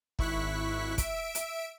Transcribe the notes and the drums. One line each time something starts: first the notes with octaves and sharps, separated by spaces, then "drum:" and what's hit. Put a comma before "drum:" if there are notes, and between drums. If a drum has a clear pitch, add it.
G#1 E4 C#6 F#6 B6, drum: kick
E5 D7, drum: kick, hi-hat
drum: hi-hat